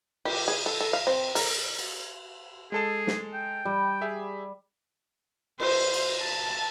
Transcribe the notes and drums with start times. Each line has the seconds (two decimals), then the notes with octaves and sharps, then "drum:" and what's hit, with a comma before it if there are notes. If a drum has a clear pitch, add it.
0.25 G4, drum: cymbal
0.48 G#4
0.66 A4
0.81 A4
0.93 F5
1.07 C4
1.35 A#4, drum: open hi-hat
1.79 drum: cymbal
2.72 G#3 G#4 A4 A5
3.07 drum: snare
3.33 G5
3.65 G3
4.01 G4 G#4 E5
5.60 C5, drum: cymbal
5.94 drum: cymbal
6.22 A5